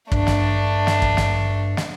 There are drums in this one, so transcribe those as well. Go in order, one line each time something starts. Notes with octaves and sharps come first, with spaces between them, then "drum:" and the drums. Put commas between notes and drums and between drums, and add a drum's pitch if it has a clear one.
G2 A3 D4, drum: kick
drum: snare
drum: snare
drum: kick
drum: snare
drum: snare